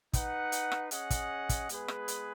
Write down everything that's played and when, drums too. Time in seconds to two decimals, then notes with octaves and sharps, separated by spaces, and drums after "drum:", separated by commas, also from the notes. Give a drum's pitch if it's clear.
0.13 D#4 B4 F#5, drum: kick, hi-hat
0.52 drum: hi-hat
0.72 drum: rim click
0.91 C#4 G#4 D#5 F#5, drum: hi-hat
1.10 drum: kick, hi-hat
1.49 drum: kick, hi-hat
1.69 G#3 B3 G#4 B4, drum: hi-hat
1.88 drum: rim click
2.08 drum: hi-hat